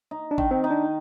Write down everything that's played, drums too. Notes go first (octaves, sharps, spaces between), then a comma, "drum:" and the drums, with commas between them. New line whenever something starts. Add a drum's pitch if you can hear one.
D#4
D4
D#3, drum: kick G#1
C4
D#4
D4